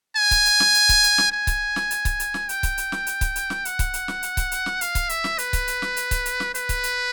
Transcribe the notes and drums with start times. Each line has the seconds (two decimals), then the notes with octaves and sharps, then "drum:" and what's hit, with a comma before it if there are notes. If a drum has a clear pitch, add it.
0.16 G#5
0.31 drum: kick C#1, hi-hat
0.46 drum: hi-hat
0.60 drum: snare
0.75 drum: hi-hat
0.89 drum: kick C#1, hi-hat
1.04 drum: hi-hat
1.18 drum: snare
1.32 G#5
1.47 drum: kick C#1, hi-hat
1.76 drum: snare
1.91 drum: hi-hat
2.05 drum: kick C#1, hi-hat
2.20 drum: hi-hat
2.34 drum: snare
2.49 G5, drum: hi-hat
2.63 drum: kick C#1, hi-hat
2.78 drum: hi-hat
2.92 drum: snare
3.07 drum: hi-hat
3.21 drum: kick C#1, hi-hat
3.36 drum: hi-hat
3.50 drum: snare
3.65 F#5, drum: hi-hat
3.79 drum: kick C#1, hi-hat
3.94 drum: hi-hat
4.08 drum: snare
4.23 drum: hi-hat
4.37 drum: kick C#1, hi-hat
4.52 drum: hi-hat
4.66 drum: snare
4.81 F5, drum: hi-hat
4.95 drum: kick C#1, hi-hat
5.09 E5, drum: hi-hat
5.24 drum: snare
5.38 B4, drum: hi-hat
5.53 drum: kick C#1, hi-hat
5.68 drum: hi-hat
5.82 drum: snare
5.97 drum: hi-hat
6.11 drum: kick C#1, hi-hat
6.26 drum: hi-hat
6.40 drum: snare
6.55 B4, drum: hi-hat
6.69 drum: kick C#1, hi-hat
6.84 drum: hi-hat